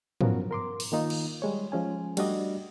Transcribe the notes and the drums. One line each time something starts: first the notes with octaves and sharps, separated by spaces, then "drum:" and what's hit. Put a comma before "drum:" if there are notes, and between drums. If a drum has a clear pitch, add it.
F3 F#3 B3 C#4 F#4 A#4, drum: tom
A#4 C6 D6
drum: open hi-hat
D#3 A#3 D#4 F4
drum: cymbal
G3 G#3 C#5
F3 G#3 C#4 G#5
G3 A3 D4 F#4 D5 D#5, drum: cymbal